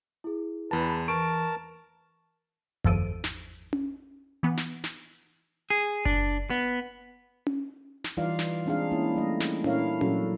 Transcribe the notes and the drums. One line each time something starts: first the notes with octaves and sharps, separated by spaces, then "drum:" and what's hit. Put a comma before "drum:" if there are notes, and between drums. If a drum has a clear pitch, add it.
E4 G#4
E2 B4 A5
E3 A#4 A5 C#6 D7
G#1 E2 F3 A4 D7 D#7, drum: tom F#2
drum: snare
drum: tom C#4
E3 B3
drum: snare
drum: snare
G#4
D4, drum: kick F#1
B3
drum: tom C#4
drum: snare
E3 G3 D#4 F4 D5 F5
drum: snare
G#3 C4 D4 D#4 G#4 F5
A#3 C#4 E4
G3 A3 D#5
drum: snare
A#2 D4 E4 A#4 C#5 F5, drum: tom C#4
A#2 F#3 F#4 A4, drum: tom C#4